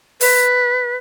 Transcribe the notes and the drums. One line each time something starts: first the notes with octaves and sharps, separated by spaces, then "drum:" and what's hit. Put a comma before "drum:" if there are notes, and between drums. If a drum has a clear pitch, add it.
B4, drum: open hi-hat